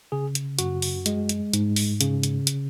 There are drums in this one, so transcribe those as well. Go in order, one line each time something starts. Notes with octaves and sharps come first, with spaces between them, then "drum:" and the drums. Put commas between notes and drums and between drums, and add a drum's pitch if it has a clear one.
C#3 G#4
drum: hi-hat
F#2 F#4, drum: hi-hat
drum: open hi-hat
G#3, drum: hi-hat
drum: hi-hat
G#2, drum: hi-hat
drum: open hi-hat
C#3, drum: hi-hat
drum: hi-hat
drum: hi-hat